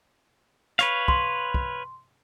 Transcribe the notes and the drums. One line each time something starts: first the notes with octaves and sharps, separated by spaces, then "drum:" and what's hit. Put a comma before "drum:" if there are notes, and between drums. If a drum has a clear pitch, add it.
B4 C#5 F5, drum: hi-hat
C6, drum: kick
drum: kick